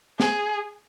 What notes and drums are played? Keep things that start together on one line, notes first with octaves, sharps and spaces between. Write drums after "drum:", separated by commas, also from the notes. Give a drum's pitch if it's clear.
G#4, drum: snare